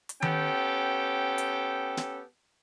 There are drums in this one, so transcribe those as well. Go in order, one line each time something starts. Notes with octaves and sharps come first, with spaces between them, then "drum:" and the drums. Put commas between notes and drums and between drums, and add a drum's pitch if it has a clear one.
drum: hi-hat
B3 C#4 G4 A4 G5, drum: tom D#3
drum: hi-hat
drum: snare